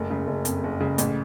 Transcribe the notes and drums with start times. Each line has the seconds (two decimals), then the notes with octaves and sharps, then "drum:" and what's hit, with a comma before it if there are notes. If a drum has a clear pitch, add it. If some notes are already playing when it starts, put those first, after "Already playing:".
Already playing: F#1 A3
0.10 C#3
0.27 F#1
0.45 F2, drum: hi-hat
0.64 F#1
0.80 C#3
0.98 A1, drum: hi-hat